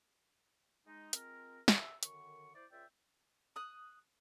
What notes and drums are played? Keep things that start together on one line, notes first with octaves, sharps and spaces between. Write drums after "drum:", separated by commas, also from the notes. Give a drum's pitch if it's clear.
G#3 D#4
G#3 C4 F4 A#4, drum: hi-hat
E5, drum: snare
F#2 D3 D#3 C#6, drum: hi-hat
E4 C5 D5
C#2 F4 G#4 D5 E5 G5
D#6 F#6